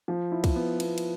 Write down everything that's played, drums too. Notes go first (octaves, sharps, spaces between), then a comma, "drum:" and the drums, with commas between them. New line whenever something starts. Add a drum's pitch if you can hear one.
F3
E4
drum: kick, cymbal
B3
B3, drum: cymbal
drum: cymbal